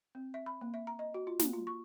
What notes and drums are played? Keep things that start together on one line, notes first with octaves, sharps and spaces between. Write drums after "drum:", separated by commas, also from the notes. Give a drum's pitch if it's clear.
C4
E5
B5
A#3
E5
A#5
D#5
F#4
F4
A#3, drum: snare
F4
C#6